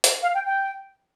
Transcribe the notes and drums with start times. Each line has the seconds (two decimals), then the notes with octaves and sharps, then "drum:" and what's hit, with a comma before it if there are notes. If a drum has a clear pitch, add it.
0.04 drum: hi-hat
0.22 F5
0.35 G5
0.46 G5